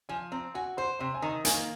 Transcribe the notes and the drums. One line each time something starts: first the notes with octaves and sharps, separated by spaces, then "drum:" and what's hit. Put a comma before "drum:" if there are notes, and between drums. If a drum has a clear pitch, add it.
F3 G#5
C4 A#5
F#4 G#5
C5 C6
C3 C6
G#5
D#3 A#5
A#3 G#5, drum: hi-hat